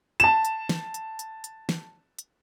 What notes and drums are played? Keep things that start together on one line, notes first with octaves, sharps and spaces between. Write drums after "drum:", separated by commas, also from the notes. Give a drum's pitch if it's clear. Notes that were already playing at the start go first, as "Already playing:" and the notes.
A5 E7, drum: hi-hat
drum: hi-hat
drum: snare
drum: hi-hat
drum: hi-hat
drum: hi-hat
drum: snare
drum: hi-hat